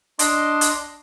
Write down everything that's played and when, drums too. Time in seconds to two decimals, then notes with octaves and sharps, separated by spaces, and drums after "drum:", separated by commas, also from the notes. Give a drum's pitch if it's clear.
0.19 D4 D#5 C6 D6, drum: hi-hat
0.61 drum: hi-hat